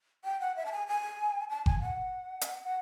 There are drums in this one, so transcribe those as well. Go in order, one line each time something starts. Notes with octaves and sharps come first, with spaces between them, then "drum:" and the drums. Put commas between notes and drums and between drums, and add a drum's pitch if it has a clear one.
G5
F#5
E5
A5
G#5
G#5
A5
G#5, drum: kick F#1
F#5
drum: hi-hat
F#5